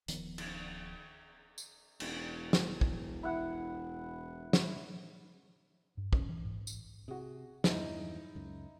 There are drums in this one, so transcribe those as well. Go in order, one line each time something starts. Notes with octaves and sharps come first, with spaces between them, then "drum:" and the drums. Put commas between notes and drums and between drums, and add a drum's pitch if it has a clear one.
D1 D#3 F3 B3, drum: hi-hat
drum: cymbal
drum: tambourine
E1, drum: cymbal
drum: snare
drum: kick
E4 F#5
drum: snare
G2
C#4, drum: kick
E3
G#2
drum: tambourine
C3 F#4 G#4
E2 G2 D#4 E4, drum: snare
C#2 F#2